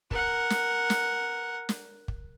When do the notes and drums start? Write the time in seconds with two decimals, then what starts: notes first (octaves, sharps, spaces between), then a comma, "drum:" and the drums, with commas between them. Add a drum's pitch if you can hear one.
0.11 A#4 F#5, drum: kick
0.50 drum: snare
0.90 drum: snare
1.69 drum: snare
2.08 drum: kick